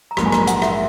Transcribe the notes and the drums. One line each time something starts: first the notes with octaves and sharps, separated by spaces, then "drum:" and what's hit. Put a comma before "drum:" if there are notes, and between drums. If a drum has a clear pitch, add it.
A#5
A#1 G#2 F#3 A#3 B5, drum: rim click
G#5
A#5, drum: rim click
F#5, drum: hi-hat
E5, drum: rim click